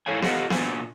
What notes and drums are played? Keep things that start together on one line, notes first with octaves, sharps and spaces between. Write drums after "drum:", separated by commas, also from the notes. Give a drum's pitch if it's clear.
G#2 E4 A4 C#5 F5 G#5
F4 G4 A4 D#5 F5 F#5, drum: snare B3
A#2 D4 F4 F#4 G#5, drum: snare B3